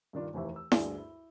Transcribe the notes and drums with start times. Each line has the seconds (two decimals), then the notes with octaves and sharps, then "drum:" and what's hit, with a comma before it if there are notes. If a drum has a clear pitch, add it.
0.13 G2 D#3 D4 F4
0.34 F1 D#2 D#3 E3 E5
0.56 E6
0.72 D2 G2 G#4 D5 G7, drum: snare E4
0.98 E4